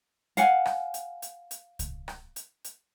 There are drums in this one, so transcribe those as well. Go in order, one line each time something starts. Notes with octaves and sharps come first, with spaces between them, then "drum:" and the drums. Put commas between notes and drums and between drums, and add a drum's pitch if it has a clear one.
F5 F#5 G#5, drum: hi-hat
drum: rim click
drum: hi-hat
drum: hi-hat
drum: hi-hat
drum: kick C2, hi-hat
drum: rim click
drum: hi-hat
drum: hi-hat